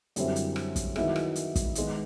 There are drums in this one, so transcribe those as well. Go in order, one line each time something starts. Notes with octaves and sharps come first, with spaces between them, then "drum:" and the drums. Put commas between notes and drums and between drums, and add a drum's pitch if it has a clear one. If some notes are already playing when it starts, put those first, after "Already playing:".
F#2 D3 G3 C4 E4, drum: hi-hat
drum: hi-hat
drum: rim click
drum: kick, hi-hat
D#3 F#3 B3 E4 G#4, drum: rim click
drum: rim click
drum: hi-hat
drum: kick, hi-hat
D#3 G#3 B3, drum: hi-hat